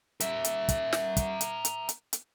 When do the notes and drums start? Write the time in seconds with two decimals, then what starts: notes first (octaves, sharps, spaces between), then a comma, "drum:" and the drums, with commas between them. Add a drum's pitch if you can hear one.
0.20 A#4 E5, drum: hi-hat
0.44 drum: hi-hat
0.69 drum: kick, hi-hat
0.93 drum: snare
1.17 drum: kick, hi-hat
1.41 drum: hi-hat
1.65 drum: hi-hat
1.89 drum: hi-hat
2.13 drum: hi-hat